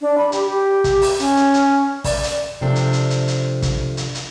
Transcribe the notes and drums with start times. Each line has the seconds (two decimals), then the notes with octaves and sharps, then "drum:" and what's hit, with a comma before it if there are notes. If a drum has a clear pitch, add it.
0.01 D4
0.18 B5
0.32 G4, drum: hi-hat
0.47 G4
0.84 drum: kick, hi-hat
1.02 drum: open hi-hat
1.19 C#4, drum: hi-hat
1.36 drum: hi-hat
1.54 drum: hi-hat
2.04 D5, drum: kick, open hi-hat
2.23 drum: hi-hat
2.61 C3 F3 A3 C4 D4
2.75 drum: hi-hat
2.93 drum: hi-hat
3.10 drum: hi-hat
3.28 drum: hi-hat
3.62 drum: kick, hi-hat
3.97 drum: hi-hat
4.15 drum: hi-hat